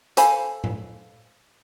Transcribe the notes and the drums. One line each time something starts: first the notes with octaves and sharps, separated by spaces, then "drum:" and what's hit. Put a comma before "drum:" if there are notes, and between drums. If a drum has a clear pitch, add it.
A4 C5 F5 G#5 B5, drum: hi-hat
drum: tom A2